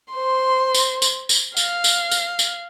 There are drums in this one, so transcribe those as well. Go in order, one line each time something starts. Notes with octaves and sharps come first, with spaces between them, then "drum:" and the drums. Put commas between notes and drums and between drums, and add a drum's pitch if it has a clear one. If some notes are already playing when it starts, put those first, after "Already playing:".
C5 C6
drum: tambourine
drum: tambourine
drum: tambourine
F5, drum: tambourine
drum: tambourine
drum: tambourine
drum: tambourine